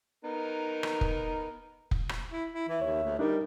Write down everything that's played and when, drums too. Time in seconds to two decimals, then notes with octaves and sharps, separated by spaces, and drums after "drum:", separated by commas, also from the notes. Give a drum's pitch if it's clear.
0.25 B3 D#4 A#4
0.83 drum: rim click
1.01 drum: kick F1
1.91 drum: kick F1
2.09 drum: rim click
2.32 E4
2.52 E4
2.68 E3 E5
2.81 D#2 C#5
3.03 D2
3.19 G3 D4 D#4 A#4